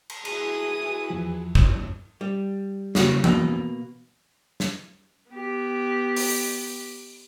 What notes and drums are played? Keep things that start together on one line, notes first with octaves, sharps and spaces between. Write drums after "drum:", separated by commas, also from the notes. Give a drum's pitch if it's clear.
drum: cymbal
E4 F#4 G#4 B4 G#5 D#6, drum: cymbal
E2 F3
drum: kick
G3
C#3 A#3 F#4, drum: snare
B2 A#3, drum: tom E3
drum: snare
B3 G4
drum: open hi-hat